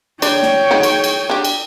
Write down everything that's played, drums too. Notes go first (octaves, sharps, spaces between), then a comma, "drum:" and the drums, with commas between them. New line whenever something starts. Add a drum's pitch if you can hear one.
D4 C#5 D5 G5, drum: cymbal
drum: snare
G#3 D#4 F#4
drum: cymbal
drum: cymbal
D4 G4
drum: cymbal